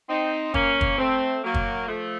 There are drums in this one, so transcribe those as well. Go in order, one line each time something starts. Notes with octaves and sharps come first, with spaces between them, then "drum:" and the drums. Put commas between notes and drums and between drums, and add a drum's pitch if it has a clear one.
C4 D#4
A#3 C#4, drum: kick
drum: kick
A3 C4
F#3 A#3
drum: kick
F3 A3